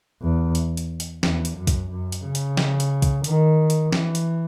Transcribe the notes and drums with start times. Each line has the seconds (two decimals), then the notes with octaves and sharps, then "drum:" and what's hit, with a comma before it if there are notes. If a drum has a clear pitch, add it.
0.21 E2
0.55 drum: hi-hat
0.77 drum: hi-hat
1.00 drum: hi-hat
1.23 E2, drum: snare
1.45 drum: hi-hat
1.57 F#2
1.67 drum: kick B1, hi-hat
1.90 F#2
2.12 drum: hi-hat
2.24 C#3
2.35 drum: hi-hat
2.57 drum: snare
2.80 drum: hi-hat
3.02 drum: kick B1, hi-hat
3.24 D#3, drum: hi-hat
3.70 drum: hi-hat
3.92 E3, drum: snare
4.15 drum: hi-hat